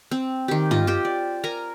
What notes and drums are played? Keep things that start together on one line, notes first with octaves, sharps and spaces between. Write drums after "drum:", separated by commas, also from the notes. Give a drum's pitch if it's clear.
C4
D#3 G4
F4 D#5, drum: tom
G4 C5 G5
D5
A#4 G#5 A#5